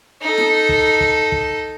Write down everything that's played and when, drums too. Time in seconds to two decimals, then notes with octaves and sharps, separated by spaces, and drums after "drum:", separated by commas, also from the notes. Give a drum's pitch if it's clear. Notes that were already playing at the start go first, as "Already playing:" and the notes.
0.22 D#4 A4
0.38 drum: snare
0.69 drum: kick
1.00 drum: kick
1.32 drum: kick